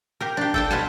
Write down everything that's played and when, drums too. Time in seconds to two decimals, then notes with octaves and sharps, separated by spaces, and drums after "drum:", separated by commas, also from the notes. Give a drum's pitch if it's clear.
0.21 G4 A#4
0.37 D4 G4
0.54 A4 G5 A5, drum: kick G1
0.71 B2 B3 F4 F#5 G#5 A5